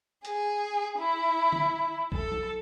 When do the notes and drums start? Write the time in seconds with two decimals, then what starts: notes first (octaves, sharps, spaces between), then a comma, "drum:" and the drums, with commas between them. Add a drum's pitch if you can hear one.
0.25 G#4, drum: hi-hat
0.99 E4
1.53 drum: tom
2.12 A4, drum: kick A#1
2.32 drum: tom